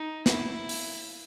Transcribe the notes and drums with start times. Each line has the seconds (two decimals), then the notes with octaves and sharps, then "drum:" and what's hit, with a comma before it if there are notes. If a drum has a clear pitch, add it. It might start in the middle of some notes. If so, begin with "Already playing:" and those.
Already playing: D#4
0.26 E4, drum: snare
0.69 drum: open hi-hat